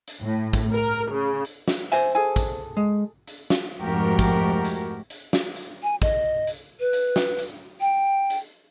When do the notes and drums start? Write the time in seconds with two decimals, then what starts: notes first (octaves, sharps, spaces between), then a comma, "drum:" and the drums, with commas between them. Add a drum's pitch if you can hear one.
0.08 drum: hi-hat
0.21 A2
0.53 drum: kick, hi-hat
0.73 A#4
1.12 C#3
1.45 drum: hi-hat
1.68 drum: snare
1.92 C5 E5 G#5, drum: hi-hat
2.15 G#4 A4 G#5
2.36 drum: kick, hi-hat
2.77 G#3
3.28 drum: hi-hat
3.50 drum: snare
3.81 F2 G#2 A3 F#4 G4 A#4
4.19 drum: kick, hi-hat
4.65 drum: hi-hat
5.10 drum: hi-hat
5.33 drum: snare
5.56 drum: hi-hat
5.83 G#5
6.02 D#5, drum: kick, hi-hat
6.47 drum: hi-hat
6.80 B4
6.93 drum: hi-hat
7.16 drum: snare
7.39 drum: hi-hat
7.80 G5
8.30 drum: hi-hat